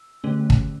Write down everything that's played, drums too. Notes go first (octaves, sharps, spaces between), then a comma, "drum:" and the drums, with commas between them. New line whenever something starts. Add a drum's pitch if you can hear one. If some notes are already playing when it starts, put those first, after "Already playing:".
Already playing: E6
D3 A3 C#4
drum: kick